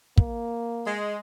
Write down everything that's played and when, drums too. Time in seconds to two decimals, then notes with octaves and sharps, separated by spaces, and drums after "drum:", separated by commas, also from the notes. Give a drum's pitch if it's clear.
0.17 A#3, drum: kick
0.87 G#3